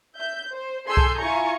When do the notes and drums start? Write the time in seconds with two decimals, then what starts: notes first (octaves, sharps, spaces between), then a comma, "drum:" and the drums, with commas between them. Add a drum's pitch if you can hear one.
0.15 E5 G6
0.51 C5
0.88 G#4 A4 G#5 C6 E6 G6
0.97 drum: kick C2
1.19 E4 F4 G#5 A#5 C#6